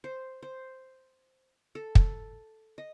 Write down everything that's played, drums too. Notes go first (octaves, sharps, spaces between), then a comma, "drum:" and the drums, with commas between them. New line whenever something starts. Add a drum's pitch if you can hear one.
C5
C5
A4
drum: kick
D#5